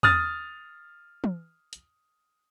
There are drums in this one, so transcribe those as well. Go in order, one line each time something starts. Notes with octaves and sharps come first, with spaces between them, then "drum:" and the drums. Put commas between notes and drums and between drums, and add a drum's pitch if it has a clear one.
D#6 F6 A6, drum: tom E2
drum: tom
drum: hi-hat